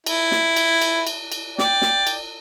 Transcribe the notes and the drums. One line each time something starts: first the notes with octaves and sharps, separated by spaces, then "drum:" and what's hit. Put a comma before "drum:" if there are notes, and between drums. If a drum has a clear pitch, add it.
E4, drum: cymbal
drum: snare
drum: cymbal
drum: cymbal
drum: cymbal
drum: cymbal
D5 G5, drum: snare
drum: snare
drum: cymbal